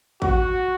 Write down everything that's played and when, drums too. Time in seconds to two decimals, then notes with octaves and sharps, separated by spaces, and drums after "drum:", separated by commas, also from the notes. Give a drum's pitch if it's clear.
0.22 F#4, drum: kick